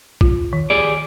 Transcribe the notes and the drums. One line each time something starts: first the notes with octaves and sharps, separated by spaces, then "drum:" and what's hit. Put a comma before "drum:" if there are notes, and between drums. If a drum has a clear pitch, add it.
F4, drum: kick
D#3
G4 G#4 D5